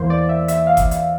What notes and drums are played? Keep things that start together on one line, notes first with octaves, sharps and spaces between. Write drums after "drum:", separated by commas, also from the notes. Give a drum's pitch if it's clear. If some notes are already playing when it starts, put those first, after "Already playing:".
Already playing: E2 E3 A#3 C5
D5
E5
E5, drum: hi-hat
F5
drum: kick G1, hi-hat
drum: hi-hat